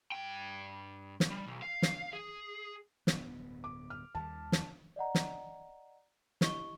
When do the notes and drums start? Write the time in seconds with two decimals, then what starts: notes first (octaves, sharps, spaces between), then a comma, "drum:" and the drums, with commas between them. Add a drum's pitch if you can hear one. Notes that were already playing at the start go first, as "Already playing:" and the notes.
0.12 G2 G5
1.20 drum: snare
1.30 G3
1.47 B1
1.62 F5
1.82 drum: snare
2.13 G#4
3.07 D1 G2 B3, drum: snare
3.64 D6
3.90 F6
4.15 D#2 D#3 G3 A5
4.52 drum: snare
4.96 D5 D#5 F#5 A#5
5.15 drum: snare
6.41 E4 G4 D#5 C#6 G7, drum: snare